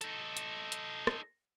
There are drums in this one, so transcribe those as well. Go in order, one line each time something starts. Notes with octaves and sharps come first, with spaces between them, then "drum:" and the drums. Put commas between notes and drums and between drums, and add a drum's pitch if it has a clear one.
D#4 A4, drum: hi-hat
drum: hi-hat
drum: hi-hat
drum: rim click